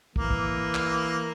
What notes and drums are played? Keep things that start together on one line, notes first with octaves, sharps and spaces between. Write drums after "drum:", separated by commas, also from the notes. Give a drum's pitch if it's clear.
E3 A#3, drum: kick
drum: kick
drum: clap